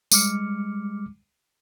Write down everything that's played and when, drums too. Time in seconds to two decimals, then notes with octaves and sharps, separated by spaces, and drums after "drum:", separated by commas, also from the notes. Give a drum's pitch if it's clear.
0.12 G3 G#3 D6 F6 C#7, drum: tambourine